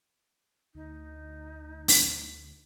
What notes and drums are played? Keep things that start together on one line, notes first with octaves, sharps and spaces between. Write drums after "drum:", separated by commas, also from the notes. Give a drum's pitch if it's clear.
D2 D#4
drum: open hi-hat